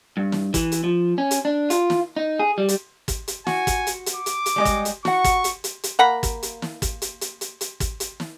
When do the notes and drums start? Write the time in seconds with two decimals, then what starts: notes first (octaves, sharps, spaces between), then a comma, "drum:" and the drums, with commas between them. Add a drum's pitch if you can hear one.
0.17 G2
0.32 drum: snare
0.54 E3, drum: kick, hi-hat
0.72 drum: hi-hat
0.84 F3
1.18 C#4
1.31 drum: hi-hat
1.45 D4
1.70 F4, drum: hi-hat
1.90 drum: snare
2.17 D#4
2.40 G#4
2.58 G3
2.69 drum: hi-hat
3.08 drum: kick, hi-hat
3.28 drum: hi-hat
3.47 F#4 G#5, drum: snare
3.67 drum: kick, hi-hat
3.87 drum: hi-hat
4.06 drum: hi-hat
4.16 D6
4.26 drum: hi-hat
4.46 drum: hi-hat
4.56 G3 G#3 D#5
4.65 drum: kick, hi-hat
4.85 drum: hi-hat
5.05 F#4 F#5 C#6, drum: snare
5.24 drum: kick, hi-hat
5.44 drum: hi-hat
5.64 drum: hi-hat
5.83 drum: hi-hat
5.99 A#3 F#5 A#5 B5
6.23 drum: kick, hi-hat
6.43 drum: hi-hat
6.62 drum: snare
6.82 drum: kick, hi-hat
7.02 drum: hi-hat
7.21 drum: hi-hat
7.41 drum: hi-hat
7.61 drum: hi-hat
7.80 drum: kick, hi-hat
8.00 drum: hi-hat
8.20 drum: snare